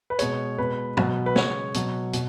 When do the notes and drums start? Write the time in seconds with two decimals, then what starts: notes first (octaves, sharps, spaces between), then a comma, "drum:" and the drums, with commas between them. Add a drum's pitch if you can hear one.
0.10 B4
0.19 B2 G#3 C#5, drum: hi-hat
0.58 B2 G#3 B4
0.97 B2 F#3, drum: tom
1.26 B4
1.36 C#3 G#3 C#5, drum: snare
1.74 B2 F#3, drum: hi-hat
2.13 B2, drum: hi-hat